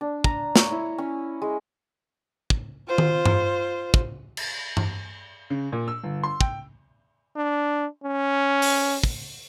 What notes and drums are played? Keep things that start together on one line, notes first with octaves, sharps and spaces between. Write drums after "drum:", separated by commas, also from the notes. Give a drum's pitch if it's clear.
D4
A#5, drum: kick
C#5, drum: snare
E4
C#4
G#3
drum: kick
F4 C5
drum: tom D#3
drum: tom G2
drum: kick
drum: cymbal
drum: tom G2
C#3
A#2
E6
G1
C6
G5, drum: kick
D4
C#4
drum: open hi-hat
drum: kick